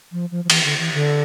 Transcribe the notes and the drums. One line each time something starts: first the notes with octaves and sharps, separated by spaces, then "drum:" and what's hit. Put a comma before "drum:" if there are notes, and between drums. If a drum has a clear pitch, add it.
F3
F3
F3
E3, drum: cymbal
D3
E3
D3